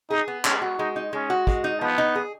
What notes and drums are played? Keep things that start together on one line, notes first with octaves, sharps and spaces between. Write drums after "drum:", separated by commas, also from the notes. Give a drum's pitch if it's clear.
D#4 G#4
B3
G#3 C#4, drum: clap
F#4
G#3 D#4
D#4
G#3 C#4
F#4
G#3, drum: kick
D#4
F3 B3
D#4
G#4